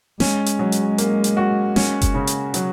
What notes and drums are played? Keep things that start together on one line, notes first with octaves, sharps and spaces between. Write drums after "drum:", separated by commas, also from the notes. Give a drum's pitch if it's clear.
G#3 C#4, drum: snare
drum: hi-hat
F#3
drum: hi-hat
A#3, drum: hi-hat
drum: hi-hat
F#4
C#4, drum: snare
drum: kick F#1, hi-hat
C#3
drum: hi-hat
F#3, drum: hi-hat